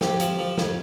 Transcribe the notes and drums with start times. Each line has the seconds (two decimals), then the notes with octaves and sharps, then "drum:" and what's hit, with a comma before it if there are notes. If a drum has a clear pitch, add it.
0.01 F2 G4, drum: snare
0.20 F3, drum: hi-hat
0.39 F3
0.58 F2, drum: snare